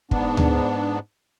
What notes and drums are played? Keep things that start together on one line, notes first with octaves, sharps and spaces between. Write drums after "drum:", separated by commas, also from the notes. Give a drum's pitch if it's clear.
G#2 B3 D4, drum: kick
drum: tom D2